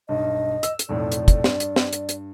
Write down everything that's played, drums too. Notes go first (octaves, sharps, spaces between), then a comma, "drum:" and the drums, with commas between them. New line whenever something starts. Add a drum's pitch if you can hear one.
B1 G2 D#5
E6, drum: hi-hat
drum: hi-hat
B1 F2 A2 D5
drum: hi-hat
drum: kick, hi-hat
G2, drum: snare
drum: hi-hat
drum: snare
drum: hi-hat
drum: hi-hat